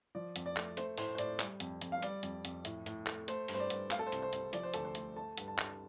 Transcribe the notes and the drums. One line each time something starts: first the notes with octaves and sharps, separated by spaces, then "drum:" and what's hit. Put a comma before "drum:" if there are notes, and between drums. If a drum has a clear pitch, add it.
F3 D5
F2, drum: hi-hat
D5
A3, drum: clap
A3 C5, drum: hi-hat
A2 C5, drum: open hi-hat
C5
A2 D5, drum: hi-hat
G3, drum: clap
F2, drum: hi-hat
F2, drum: hi-hat
F5
G3 D5, drum: hi-hat
F2, drum: hi-hat
F2, drum: hi-hat
A2, drum: hi-hat
A2, drum: hi-hat
A3, drum: clap
A3 C5, drum: hi-hat
G2, drum: open hi-hat
C5
D5
G2, drum: hi-hat
A3 F5, drum: clap
A4
C5
C2, drum: hi-hat
C5
C2, drum: hi-hat
F3 D5, drum: hi-hat
C5
D2 A4, drum: hi-hat
C5
A3, drum: hi-hat
A3 A5
G2, drum: hi-hat
A5
G2, drum: clap